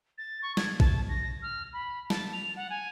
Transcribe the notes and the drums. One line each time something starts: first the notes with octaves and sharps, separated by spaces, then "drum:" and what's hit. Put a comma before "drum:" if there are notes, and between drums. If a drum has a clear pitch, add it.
A6
C#6
G#6, drum: snare
A5, drum: kick A#1
A#6
F6
B5
A5, drum: snare
F7
F#5
G#5